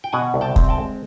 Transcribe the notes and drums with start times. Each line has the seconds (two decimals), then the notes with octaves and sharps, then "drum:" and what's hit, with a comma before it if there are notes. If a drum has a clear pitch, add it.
0.04 G5
0.13 B2 F#5 G#5
0.34 C2
0.41 G5 A5
0.56 C4, drum: kick
0.69 G5 A5
0.77 G#3